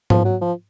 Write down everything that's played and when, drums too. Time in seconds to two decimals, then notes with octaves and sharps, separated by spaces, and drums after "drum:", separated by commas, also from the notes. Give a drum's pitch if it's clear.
0.10 F3, drum: tom G#2
0.25 F#3
0.41 F3